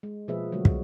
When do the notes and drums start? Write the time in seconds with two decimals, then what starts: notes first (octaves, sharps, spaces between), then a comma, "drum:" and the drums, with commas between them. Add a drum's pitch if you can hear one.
0.03 G#3
0.28 B2 F3 A#3 G#4 B4 E5
0.52 D3 F#3 G#3 A3 B3 F#4
0.65 drum: kick